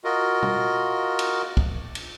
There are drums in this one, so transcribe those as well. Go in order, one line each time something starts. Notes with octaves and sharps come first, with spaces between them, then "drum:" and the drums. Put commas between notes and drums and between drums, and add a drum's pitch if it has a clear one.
F4 F#4 A#4 D#5
drum: tom
drum: cymbal
drum: kick
drum: cymbal